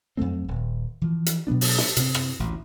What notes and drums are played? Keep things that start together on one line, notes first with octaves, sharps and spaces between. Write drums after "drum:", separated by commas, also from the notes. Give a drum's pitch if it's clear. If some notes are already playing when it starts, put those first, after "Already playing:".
F2 F#3 A3 C4
D#1
E3 F3
drum: hi-hat
B2 F#3 B3 D4
drum: open hi-hat
drum: snare
C3 C4, drum: hi-hat
drum: rim click
A1 D2